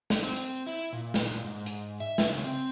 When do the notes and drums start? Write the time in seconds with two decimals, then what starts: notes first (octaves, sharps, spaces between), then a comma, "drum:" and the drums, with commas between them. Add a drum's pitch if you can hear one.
0.10 drum: snare
0.23 C4
0.36 drum: hi-hat
0.67 E4
0.93 A#2
1.14 drum: snare
1.45 G#2
1.66 drum: hi-hat
2.00 E5
2.18 drum: snare
2.30 C#3
2.44 C4, drum: hi-hat